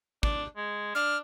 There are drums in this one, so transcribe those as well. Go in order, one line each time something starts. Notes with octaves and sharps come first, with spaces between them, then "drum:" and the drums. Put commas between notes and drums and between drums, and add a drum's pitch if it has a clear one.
D4, drum: kick
G#3
D4 F6